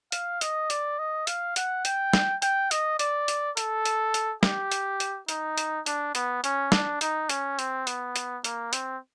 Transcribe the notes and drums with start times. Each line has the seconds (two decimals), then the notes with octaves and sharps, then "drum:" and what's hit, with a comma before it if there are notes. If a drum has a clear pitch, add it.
0.12 F5, drum: hi-hat
0.41 D#5, drum: hi-hat
0.70 D5, drum: hi-hat
0.99 D#5
1.27 F5, drum: hi-hat
1.56 F#5, drum: hi-hat
1.85 G5, drum: hi-hat
2.13 drum: snare
2.42 G5, drum: hi-hat
2.71 D#5, drum: hi-hat
2.99 D5, drum: hi-hat
3.28 drum: hi-hat
3.57 A4, drum: hi-hat
3.85 drum: hi-hat
4.14 drum: hi-hat
4.43 G4, drum: snare
4.72 drum: hi-hat
5.00 drum: hi-hat
5.29 D#4, drum: hi-hat
5.58 drum: hi-hat
5.86 D4, drum: hi-hat
6.15 B3, drum: hi-hat
6.44 C#4, drum: hi-hat
6.72 D4, drum: snare
7.01 D#4, drum: hi-hat
7.29 C#4, drum: hi-hat
7.59 C4, drum: hi-hat
7.87 B3, drum: hi-hat
8.16 drum: hi-hat
8.44 A#3, drum: hi-hat
8.73 C4, drum: hi-hat